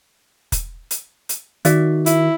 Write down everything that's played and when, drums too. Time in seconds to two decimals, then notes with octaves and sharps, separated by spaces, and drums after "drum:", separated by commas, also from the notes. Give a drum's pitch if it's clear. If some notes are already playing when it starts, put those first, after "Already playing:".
0.52 drum: kick, hi-hat
0.91 drum: hi-hat
1.29 drum: hi-hat
1.65 D#3 F#4 D5 E5, drum: hi-hat
2.06 E4, drum: hi-hat